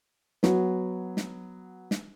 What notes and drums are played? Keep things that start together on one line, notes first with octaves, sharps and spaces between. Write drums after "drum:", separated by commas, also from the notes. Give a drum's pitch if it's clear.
F#3 B3, drum: snare
drum: snare
drum: snare